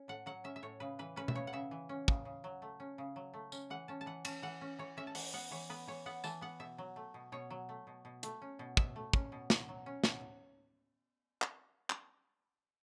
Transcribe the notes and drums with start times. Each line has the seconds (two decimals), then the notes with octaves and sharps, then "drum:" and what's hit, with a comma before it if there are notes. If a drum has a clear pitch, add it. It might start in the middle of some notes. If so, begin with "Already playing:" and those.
Already playing: C#4
0.08 A2 F#5
0.26 F#3 F#5
0.44 C#4 E5
0.56 E5
0.63 A2 C#5
0.80 C#3 B4
0.99 E3 B4
1.16 C#4 B4
1.28 E5, drum: tom B2
1.35 C#3 C#5
1.47 F#5
1.53 C#3 E5
1.71 E3
1.89 C#4
2.08 C#3, drum: kick
2.25 C#3
2.44 F#3
2.62 A3
2.80 C#4
2.98 C#3
3.16 F#3
3.34 A3
3.52 C#4, drum: tambourine
3.70 E3 F#5
3.88 C#4 A5
4.01 A5
4.06 E3 F#5
4.25 C#4 A5, drum: cymbal
4.42 E3 F#5
4.61 C#4
4.79 E3 C#5
4.97 C#4 E5
5.07 A5
5.15 E3 F#5, drum: open hi-hat
5.33 B3 F#5
5.51 E3 C#5
5.69 B3 B4
5.87 E3 C#5
6.06 B3 F#5
6.24 E3 A5, drum: tambourine
6.41 B3 F#5
6.60 B2 E5
6.78 F#3
6.96 A3
7.14 B2
7.32 B2 C#5
7.51 F#3
7.69 A3
7.87 B2
8.05 B2
8.23 A3, drum: hi-hat
8.42 C#4
8.59 B2
8.77 B2 E5, drum: kick
8.96 A3
9.13 C#4, drum: kick
9.32 B2
9.50 B2, drum: snare
9.69 F#3
9.86 C#4
10.04 B2, drum: snare
11.42 drum: clap
11.90 drum: clap